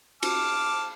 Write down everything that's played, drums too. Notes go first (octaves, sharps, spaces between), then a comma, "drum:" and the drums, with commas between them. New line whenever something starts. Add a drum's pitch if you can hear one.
A5 D6 F6, drum: cymbal